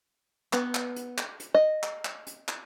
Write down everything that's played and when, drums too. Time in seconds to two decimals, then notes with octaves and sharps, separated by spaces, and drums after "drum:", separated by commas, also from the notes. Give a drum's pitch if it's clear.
0.53 B3, drum: clap
0.75 drum: clap
0.96 drum: hi-hat
1.18 drum: clap
1.40 drum: hi-hat
1.54 D#5
1.83 drum: clap
2.05 drum: clap
2.27 drum: hi-hat
2.48 drum: clap